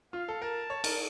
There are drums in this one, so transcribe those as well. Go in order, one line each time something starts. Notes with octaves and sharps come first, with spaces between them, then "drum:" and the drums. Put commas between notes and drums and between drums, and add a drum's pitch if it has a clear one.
F4 F5
A4
A#4 A5
C#5
A#4, drum: cymbal